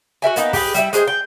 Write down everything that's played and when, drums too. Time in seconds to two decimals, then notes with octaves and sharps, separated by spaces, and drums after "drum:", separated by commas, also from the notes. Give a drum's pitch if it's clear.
0.22 F#4 A#4 E5 G#5
0.36 A#3 B3 D#4, drum: hi-hat
0.53 G4 G#4 B4, drum: kick, open hi-hat
0.74 G3 E4 E5, drum: hi-hat
0.93 G#3 G#4 C5, drum: hi-hat
1.07 G5